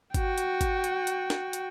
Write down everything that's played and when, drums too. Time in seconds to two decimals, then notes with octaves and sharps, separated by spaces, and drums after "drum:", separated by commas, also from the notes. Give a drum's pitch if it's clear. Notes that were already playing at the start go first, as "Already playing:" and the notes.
0.14 F#4 G5, drum: kick G1, hi-hat
0.38 drum: hi-hat
0.61 drum: kick G1, hi-hat
0.84 drum: hi-hat
1.07 drum: hi-hat
1.30 drum: snare
1.53 drum: hi-hat